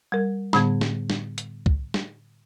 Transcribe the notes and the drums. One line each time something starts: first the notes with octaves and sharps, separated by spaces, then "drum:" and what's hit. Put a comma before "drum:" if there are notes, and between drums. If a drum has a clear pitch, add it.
G3 A#4
A2 D3 G3 B3 G#6, drum: snare
drum: snare
drum: snare
drum: hi-hat
drum: kick
drum: snare